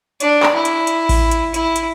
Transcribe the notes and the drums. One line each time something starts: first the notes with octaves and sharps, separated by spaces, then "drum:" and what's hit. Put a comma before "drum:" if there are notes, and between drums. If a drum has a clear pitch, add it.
D4, drum: hi-hat
drum: clap
E4
drum: hi-hat
drum: hi-hat
drum: kick A1, open hi-hat
drum: hi-hat
E4, drum: hi-hat
drum: hi-hat